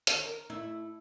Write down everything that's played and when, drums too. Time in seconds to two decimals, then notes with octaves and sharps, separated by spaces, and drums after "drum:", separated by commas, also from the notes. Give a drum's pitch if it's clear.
0.07 D#3, drum: hi-hat
0.25 A#4
0.50 A3 E4